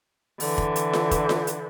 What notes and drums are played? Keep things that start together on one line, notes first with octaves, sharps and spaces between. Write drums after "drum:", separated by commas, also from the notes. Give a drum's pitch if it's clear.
D3 E3, drum: open hi-hat
drum: kick
drum: hi-hat
drum: snare F4
drum: kick, hi-hat
drum: snare F4
drum: hi-hat